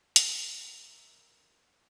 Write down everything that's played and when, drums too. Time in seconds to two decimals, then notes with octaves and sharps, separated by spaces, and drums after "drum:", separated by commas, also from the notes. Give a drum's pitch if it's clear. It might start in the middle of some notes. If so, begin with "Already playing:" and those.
0.16 A#4 E5, drum: hi-hat